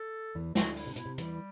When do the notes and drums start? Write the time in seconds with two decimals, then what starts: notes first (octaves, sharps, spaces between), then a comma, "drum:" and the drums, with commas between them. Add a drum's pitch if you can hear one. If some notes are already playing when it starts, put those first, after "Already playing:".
Already playing: A4
0.35 E2 E3
0.55 D2 D3 F#4, drum: snare
0.77 E4, drum: open hi-hat
0.87 C3
0.93 D4
0.96 B2 E4, drum: hi-hat
1.06 C3
1.18 E2 E3 G3, drum: hi-hat